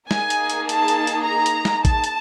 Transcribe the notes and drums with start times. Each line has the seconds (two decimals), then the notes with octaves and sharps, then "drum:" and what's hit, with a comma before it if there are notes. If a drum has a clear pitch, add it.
0.11 A#3 D#4 G#4 G#5, drum: snare
0.30 drum: hi-hat
0.50 drum: hi-hat
0.69 A5, drum: hi-hat
0.88 drum: hi-hat
1.07 drum: hi-hat
1.26 A#5
1.46 drum: hi-hat
1.65 drum: snare
1.85 A5, drum: kick A1, hi-hat
2.04 drum: hi-hat